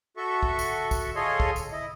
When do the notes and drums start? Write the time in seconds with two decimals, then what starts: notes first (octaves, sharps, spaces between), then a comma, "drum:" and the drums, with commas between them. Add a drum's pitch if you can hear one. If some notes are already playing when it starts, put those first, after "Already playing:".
0.17 F#4 A4 E5 C#6
0.43 drum: kick
0.59 drum: tambourine
0.91 drum: kick, tambourine
1.16 F4 G#4 A4 C#5 D#5 C6
1.40 drum: kick
1.56 drum: tambourine
1.72 E4 D#5